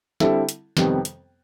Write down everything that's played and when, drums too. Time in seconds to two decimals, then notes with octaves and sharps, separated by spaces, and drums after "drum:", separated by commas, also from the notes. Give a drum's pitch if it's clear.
0.20 D3 G3 C4 E4 A4, drum: snare
0.49 drum: hi-hat
0.77 F2 C3 D#3 G3 B3, drum: snare
1.05 drum: hi-hat